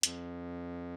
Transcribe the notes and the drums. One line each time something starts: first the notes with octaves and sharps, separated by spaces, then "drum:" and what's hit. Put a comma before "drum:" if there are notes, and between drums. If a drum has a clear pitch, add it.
F2, drum: hi-hat